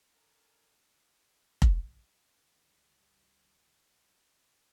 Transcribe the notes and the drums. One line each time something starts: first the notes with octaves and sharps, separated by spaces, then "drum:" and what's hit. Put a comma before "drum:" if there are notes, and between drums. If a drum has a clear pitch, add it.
D4 A4 A#4 G#5
drum: kick F1
C#2 G2 D3 D#3 G3